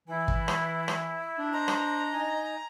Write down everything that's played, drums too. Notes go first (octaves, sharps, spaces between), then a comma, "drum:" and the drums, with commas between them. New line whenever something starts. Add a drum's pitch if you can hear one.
E3 E4
drum: kick
drum: rim click
drum: rim click
D4
C5 D#5 A#5
drum: rim click
D#4 G#5